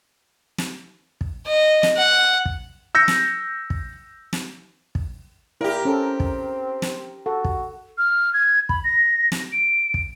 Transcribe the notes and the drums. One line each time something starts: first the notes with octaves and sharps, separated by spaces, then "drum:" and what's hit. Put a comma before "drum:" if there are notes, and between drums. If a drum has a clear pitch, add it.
drum: snare
drum: kick
D#5
drum: snare
F#5
drum: kick
E6 G6 A#6 C#7
drum: snare
drum: kick
drum: snare
drum: kick
A#2 E4 G4 A#4
C4 C#4 A4
drum: kick
drum: snare
F#4 A4
drum: kick
F6
G#6
B5, drum: kick
A#6
drum: snare
D7
drum: kick